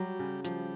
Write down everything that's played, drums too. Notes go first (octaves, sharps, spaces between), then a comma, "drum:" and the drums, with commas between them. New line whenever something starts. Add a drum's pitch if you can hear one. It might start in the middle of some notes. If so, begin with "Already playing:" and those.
Already playing: F#3 G3
C#3
F3 G3, drum: hi-hat